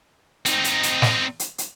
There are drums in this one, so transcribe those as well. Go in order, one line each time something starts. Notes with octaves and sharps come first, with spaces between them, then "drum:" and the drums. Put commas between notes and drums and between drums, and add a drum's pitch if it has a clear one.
C4 D#4, drum: hi-hat
drum: hi-hat
drum: hi-hat
drum: snare
drum: hi-hat
drum: hi-hat